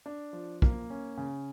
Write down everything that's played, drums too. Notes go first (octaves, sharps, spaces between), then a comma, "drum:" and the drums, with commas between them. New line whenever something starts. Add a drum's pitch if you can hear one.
D4
F3
A#3, drum: kick
C#4
C#3